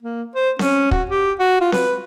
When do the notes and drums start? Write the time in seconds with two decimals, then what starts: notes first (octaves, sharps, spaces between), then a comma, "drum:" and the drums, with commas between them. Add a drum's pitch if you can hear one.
0.03 A#3
0.35 C5
0.59 C#4, drum: snare C4
0.91 F#4, drum: kick
1.10 G4
1.39 F#4
1.61 F4
1.72 B4, drum: snare C4